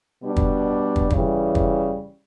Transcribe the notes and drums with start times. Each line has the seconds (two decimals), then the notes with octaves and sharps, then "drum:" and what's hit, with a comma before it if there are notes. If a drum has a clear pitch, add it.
0.22 B2 G3 D4
0.36 drum: kick
0.96 drum: kick
1.10 C#3 E3 G3, drum: kick
1.55 drum: kick